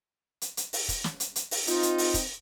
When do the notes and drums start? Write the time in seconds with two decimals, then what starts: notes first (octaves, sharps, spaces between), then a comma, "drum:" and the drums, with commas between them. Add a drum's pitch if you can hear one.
0.41 drum: hi-hat
0.57 drum: hi-hat
0.73 drum: open hi-hat
0.89 drum: kick, hi-hat
1.04 drum: snare
1.20 drum: hi-hat
1.36 drum: hi-hat
1.51 drum: open hi-hat
1.67 C4 D#4 F4, drum: hi-hat
1.83 drum: hi-hat
1.98 drum: open hi-hat
2.14 drum: kick, hi-hat